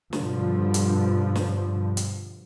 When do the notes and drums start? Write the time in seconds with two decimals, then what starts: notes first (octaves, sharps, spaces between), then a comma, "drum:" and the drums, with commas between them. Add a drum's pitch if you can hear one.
0.13 G2 B2 D3 F3, drum: snare
0.74 drum: hi-hat
1.36 drum: snare
1.97 drum: hi-hat